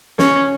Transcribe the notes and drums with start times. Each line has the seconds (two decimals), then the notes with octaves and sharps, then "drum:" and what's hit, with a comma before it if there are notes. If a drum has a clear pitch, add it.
0.19 C#4, drum: snare